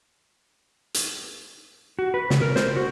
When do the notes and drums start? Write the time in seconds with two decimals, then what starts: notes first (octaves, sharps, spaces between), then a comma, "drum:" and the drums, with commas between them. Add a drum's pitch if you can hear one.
0.94 drum: hi-hat
1.99 F#4
2.14 B4
2.30 C#3, drum: snare
2.42 A#4
2.56 C5, drum: snare
2.77 F#4